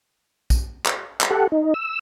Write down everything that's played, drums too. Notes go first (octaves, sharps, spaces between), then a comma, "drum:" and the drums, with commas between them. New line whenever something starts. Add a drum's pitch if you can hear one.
drum: kick A#1, tambourine
drum: clap
drum: clap
G4 A4 F#5
D#4
E6